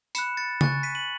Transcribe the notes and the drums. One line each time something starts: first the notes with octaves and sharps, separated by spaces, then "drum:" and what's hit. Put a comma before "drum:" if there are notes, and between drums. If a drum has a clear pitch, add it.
B5 F#6 C#7 E7, drum: tambourine
A6 C#7
G#5 C#6 F#6 A6, drum: tom C#3
A6
B6 D#7
D#7 F#7